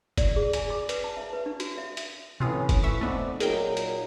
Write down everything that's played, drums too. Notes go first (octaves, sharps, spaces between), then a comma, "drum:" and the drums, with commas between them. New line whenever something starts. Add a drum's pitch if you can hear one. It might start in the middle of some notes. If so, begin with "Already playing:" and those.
D5, drum: kick, hi-hat
G#4
G#5, drum: hi-hat
D6
B4, drum: hi-hat
A5
E5
B4
D4
F#4, drum: hi-hat
E5
drum: hi-hat
A2 C3 E3 C#4 F4 D#6
drum: kick, hi-hat
F3 B4 E5 C#6
A3 B3 C4 D#4 D5
A#2 F#3 D#4 G#4 A#4 G5, drum: hi-hat
drum: hi-hat